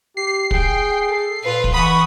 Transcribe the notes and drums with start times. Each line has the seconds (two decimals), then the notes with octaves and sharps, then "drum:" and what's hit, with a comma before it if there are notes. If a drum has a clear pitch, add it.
0.17 G4 C7
0.51 G#4 G5, drum: kick
1.09 A4
1.44 A#2 F4 B4
1.64 drum: kick
1.74 E3 F#5 B5 C#6 D#6